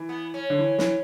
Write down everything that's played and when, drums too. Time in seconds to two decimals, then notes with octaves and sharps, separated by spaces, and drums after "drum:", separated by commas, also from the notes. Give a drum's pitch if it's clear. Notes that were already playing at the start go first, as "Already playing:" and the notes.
Already playing: E3
0.09 B3
0.34 C#4
0.50 D3
0.59 E3
0.78 E3, drum: snare